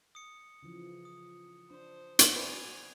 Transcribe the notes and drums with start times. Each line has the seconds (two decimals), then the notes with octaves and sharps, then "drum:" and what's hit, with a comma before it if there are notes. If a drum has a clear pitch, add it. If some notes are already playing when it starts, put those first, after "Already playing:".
0.15 D#6 C#7
0.63 C#3 E3 F3
1.05 D#6
1.71 D4 C5
2.19 drum: hi-hat
2.36 F#4 B4 C5 D5 G#5 D#7 F7